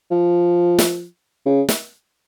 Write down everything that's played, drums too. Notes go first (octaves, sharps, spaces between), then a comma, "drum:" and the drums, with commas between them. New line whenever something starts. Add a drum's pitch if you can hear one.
F3
drum: snare
C#3
drum: snare